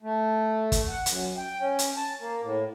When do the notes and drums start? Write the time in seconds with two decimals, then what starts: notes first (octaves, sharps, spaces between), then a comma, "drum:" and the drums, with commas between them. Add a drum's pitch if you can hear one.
0.02 A3
0.72 drum: kick, hi-hat
0.88 F#5
1.06 F#2, drum: hi-hat
1.37 G5
1.60 C#4
1.79 drum: hi-hat
1.96 A5
2.20 A#3
2.42 A2